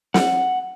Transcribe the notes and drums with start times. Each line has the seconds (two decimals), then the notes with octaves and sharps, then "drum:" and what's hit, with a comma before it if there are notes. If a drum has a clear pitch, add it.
0.14 F#5, drum: snare